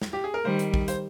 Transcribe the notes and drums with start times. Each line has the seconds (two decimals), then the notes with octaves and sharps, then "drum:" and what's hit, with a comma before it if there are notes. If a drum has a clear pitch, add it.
0.02 drum: snare
0.13 G4
0.24 G#4
0.34 A#4
0.45 D#3 G3 C5
0.59 drum: hi-hat
0.74 drum: kick A#1
0.88 C5, drum: hi-hat